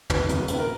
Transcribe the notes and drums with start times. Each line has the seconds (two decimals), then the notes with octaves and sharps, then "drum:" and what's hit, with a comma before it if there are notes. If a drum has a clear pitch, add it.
0.10 F#1 B4, drum: tom
0.29 F#2 C#3, drum: hi-hat
0.48 A#1 B4, drum: hi-hat
0.59 A#4